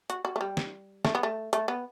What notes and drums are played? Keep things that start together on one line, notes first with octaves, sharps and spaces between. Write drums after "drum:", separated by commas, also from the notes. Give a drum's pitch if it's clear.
F#4, drum: hi-hat
F#4
A3
G3
drum: snare
A3, drum: snare
B3
A3
A3, drum: hi-hat
B3